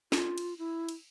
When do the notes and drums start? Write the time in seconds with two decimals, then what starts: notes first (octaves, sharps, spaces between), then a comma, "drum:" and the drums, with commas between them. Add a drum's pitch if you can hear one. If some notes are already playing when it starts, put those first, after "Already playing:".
0.12 F4, drum: snare
0.38 drum: cymbal
0.59 E4
0.89 drum: cymbal